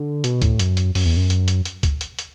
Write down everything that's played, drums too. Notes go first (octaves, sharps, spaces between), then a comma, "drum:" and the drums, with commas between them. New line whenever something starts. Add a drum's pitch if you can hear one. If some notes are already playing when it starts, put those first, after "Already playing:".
Already playing: D3
B2, drum: hi-hat
A2, drum: kick C#2, hi-hat
F#2, drum: hi-hat
drum: hi-hat
F#2, drum: open hi-hat
E2
F#2
drum: hi-hat
drum: hi-hat
drum: hi-hat
drum: kick C#2, hi-hat
drum: hi-hat
drum: hi-hat